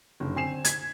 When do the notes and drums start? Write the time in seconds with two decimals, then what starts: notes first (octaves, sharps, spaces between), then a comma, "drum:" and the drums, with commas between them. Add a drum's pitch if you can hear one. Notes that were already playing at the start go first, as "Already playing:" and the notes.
0.20 F#1 D3
0.35 D3 C4 G#5 C7 E7
0.65 G#6 B6, drum: hi-hat